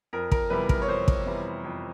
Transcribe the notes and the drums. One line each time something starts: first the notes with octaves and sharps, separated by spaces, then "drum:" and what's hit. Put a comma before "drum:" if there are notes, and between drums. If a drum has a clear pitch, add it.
F2 A#4
A#4, drum: kick
C3 E3 G3 B3 B4
A#4, drum: kick
C#5
F2 C5
drum: kick
C3 E3 G3 B3
F2